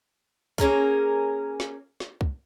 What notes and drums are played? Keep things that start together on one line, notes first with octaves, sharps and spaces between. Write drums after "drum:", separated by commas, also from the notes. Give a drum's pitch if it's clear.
A#3 C#4 G#4 A#4, drum: kick C2
drum: snare
drum: snare
drum: kick C2